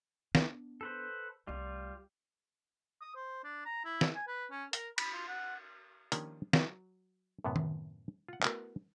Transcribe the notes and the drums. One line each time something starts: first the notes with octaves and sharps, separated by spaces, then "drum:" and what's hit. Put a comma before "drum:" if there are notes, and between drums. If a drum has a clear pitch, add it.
B3 D4, drum: snare
A4 B4 C5
C2 G3 A3 F4
D#6
C5
D4
A#5
E4
drum: snare
G#5
B4
C#4
A#4, drum: hi-hat
B5, drum: cymbal
F4
F#5
D#3 F3 A#3 C#4 D4 G4, drum: hi-hat
F#3, drum: snare
F#2 A2 C3 B3
drum: tom D#3
F4 F#5
A3 B3 E4 F#4 A#4, drum: clap